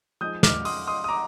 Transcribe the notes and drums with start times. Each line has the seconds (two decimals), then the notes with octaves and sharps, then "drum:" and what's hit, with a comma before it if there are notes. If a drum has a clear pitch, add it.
0.21 F3 G#3 D#4 D#6 G6
0.43 D6 F6, drum: snare
0.65 C6 D#6, drum: open hi-hat
0.87 C6 D#6
1.04 D#6
1.08 A#5 D6